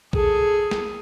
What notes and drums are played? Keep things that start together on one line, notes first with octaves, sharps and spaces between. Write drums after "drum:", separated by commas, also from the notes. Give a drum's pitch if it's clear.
G#4 A4, drum: kick
drum: snare